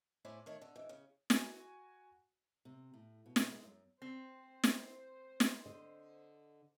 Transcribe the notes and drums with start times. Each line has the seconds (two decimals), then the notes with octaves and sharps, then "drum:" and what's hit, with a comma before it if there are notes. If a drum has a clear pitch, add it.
0.25 A2 E4 C5 D5 G#5
0.46 D#3 A3 C#5
0.61 D3
0.76 G#2 E3
0.89 C#3
1.30 F#4 G#5, drum: snare
2.65 C3
2.94 A2
3.26 B2
3.36 drum: snare
3.52 G#3
3.64 F#2
4.02 C4 C5
4.64 drum: snare
5.40 drum: snare
5.66 D3 D#5